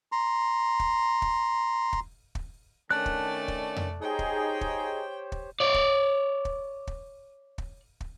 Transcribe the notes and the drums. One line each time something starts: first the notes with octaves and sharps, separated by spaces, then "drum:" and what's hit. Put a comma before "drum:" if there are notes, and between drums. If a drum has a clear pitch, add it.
A#5 C6
drum: kick
drum: kick
drum: kick
drum: kick
D#3 A3 C#4 D4 D5 A5 F#6
drum: kick
drum: kick
drum: tom F2
D#4 G4 G#4 C5 C#5 G5
drum: kick
drum: kick
drum: kick
C#5 D5
drum: kick
drum: kick
drum: kick
drum: kick
drum: kick